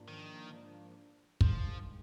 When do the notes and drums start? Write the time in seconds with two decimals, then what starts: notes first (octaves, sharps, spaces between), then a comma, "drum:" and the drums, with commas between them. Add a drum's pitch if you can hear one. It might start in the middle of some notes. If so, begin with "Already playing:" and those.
Already playing: G#2 F3 A#3 D4
0.08 D#3
1.41 G2 D#3 F3 G#3, drum: kick